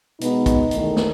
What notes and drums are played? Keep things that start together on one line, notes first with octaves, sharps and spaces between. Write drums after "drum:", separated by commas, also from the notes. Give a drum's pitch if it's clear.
B2 G#3 B3 D#4, drum: hi-hat
drum: kick, hi-hat
E2 D#3 A3, drum: hi-hat
drum: snare